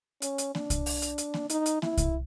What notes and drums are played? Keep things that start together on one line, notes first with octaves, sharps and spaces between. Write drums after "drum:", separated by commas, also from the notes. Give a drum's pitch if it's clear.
C#4, drum: hi-hat
drum: hi-hat
D4, drum: snare A#3
drum: kick C2, hi-hat
drum: open hi-hat
drum: hi-hat
drum: hi-hat
drum: snare A#3
D#4, drum: hi-hat
drum: hi-hat
E4, drum: snare A#3
drum: kick C2, hi-hat